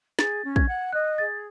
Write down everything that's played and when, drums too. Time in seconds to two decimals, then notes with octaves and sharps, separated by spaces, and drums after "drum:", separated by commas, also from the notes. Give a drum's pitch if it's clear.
0.19 G#4 A6, drum: snare
0.44 C#4
0.56 G#6, drum: kick
0.69 F#5
0.92 D#5 F#6
1.18 G#4 A6